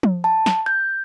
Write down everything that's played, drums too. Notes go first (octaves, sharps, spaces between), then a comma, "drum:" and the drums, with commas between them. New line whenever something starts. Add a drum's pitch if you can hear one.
drum: tom F3
A5
drum: snare
G6